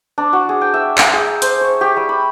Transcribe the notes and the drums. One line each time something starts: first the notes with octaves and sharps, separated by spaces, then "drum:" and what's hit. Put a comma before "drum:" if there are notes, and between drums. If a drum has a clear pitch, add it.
D4
F#4
G#4
G5
E5
A#5, drum: clap
G#4
C5, drum: hi-hat
C#5
G4
G3
B5